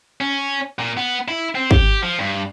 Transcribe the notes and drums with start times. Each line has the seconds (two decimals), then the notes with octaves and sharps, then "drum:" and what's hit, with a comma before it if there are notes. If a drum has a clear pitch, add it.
0.21 C#4
0.79 A#2
0.97 B3
1.28 E4
1.55 C4
1.71 G4, drum: kick
2.03 F3
2.19 G2